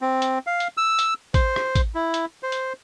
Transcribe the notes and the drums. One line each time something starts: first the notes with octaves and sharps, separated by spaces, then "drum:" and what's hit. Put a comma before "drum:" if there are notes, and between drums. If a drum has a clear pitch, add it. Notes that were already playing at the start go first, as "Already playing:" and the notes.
C4
drum: hi-hat
F5
drum: hi-hat
E6
drum: hi-hat
C5, drum: kick A1, hi-hat
drum: rim click
drum: kick A1, hi-hat
E4
drum: hi-hat
C5
drum: hi-hat